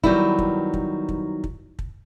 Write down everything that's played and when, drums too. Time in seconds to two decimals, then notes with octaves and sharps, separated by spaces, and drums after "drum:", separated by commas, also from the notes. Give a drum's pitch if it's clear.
0.04 D#3 F#3 G3 B3 E4, drum: kick
0.39 drum: kick
0.74 drum: kick
1.09 drum: kick
1.44 drum: kick
1.79 drum: kick